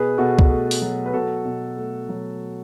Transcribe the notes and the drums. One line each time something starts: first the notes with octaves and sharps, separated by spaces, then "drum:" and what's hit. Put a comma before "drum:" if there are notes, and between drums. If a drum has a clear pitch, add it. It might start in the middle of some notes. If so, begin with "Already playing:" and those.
Already playing: B2 G#4 B4
B2 F#4 A4
drum: kick C2
A3
drum: open hi-hat
F#3
B4
B2 F#4 A4
B2
A3
F#3